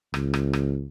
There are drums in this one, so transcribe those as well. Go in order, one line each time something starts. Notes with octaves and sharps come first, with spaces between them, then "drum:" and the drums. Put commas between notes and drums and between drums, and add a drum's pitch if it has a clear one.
C#2, drum: rim click
drum: rim click
drum: rim click